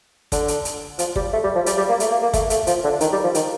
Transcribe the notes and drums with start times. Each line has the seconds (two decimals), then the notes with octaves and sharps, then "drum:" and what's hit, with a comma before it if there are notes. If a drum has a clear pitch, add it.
0.32 D3, drum: kick, hi-hat
0.48 drum: hi-hat
0.65 drum: hi-hat
0.99 F3, drum: hi-hat
1.16 G3, drum: kick
1.33 A3
1.44 G3
1.55 F3
1.66 G3, drum: hi-hat
1.77 G3
1.89 A#3
2.00 A3, drum: hi-hat
2.11 A#3
2.22 A#3
2.33 A3, drum: kick, hi-hat
2.50 A3, drum: hi-hat
2.67 F3, drum: hi-hat
2.84 D3
3.01 D#3, drum: hi-hat
3.12 G3
3.23 F3
3.35 D#3, drum: hi-hat